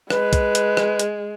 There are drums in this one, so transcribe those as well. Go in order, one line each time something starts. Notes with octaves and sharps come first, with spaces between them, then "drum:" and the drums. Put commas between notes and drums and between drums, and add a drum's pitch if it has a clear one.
G#3 B4, drum: rim click
drum: kick, hi-hat
drum: hi-hat
drum: rim click
drum: hi-hat